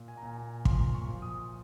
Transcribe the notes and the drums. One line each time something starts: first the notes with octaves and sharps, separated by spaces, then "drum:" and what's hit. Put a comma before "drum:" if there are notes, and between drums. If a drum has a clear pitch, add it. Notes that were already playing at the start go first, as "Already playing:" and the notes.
Already playing: A#2
G#5
A#5
A#2 G#5
A#5
F3 C6, drum: kick
C#6
F3
D#6